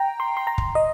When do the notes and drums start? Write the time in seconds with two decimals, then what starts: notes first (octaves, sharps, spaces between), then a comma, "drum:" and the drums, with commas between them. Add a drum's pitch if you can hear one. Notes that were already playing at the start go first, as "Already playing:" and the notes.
Already playing: G5 A#5
0.20 C6
0.37 C6
0.47 A#5
0.58 drum: kick
0.75 D#5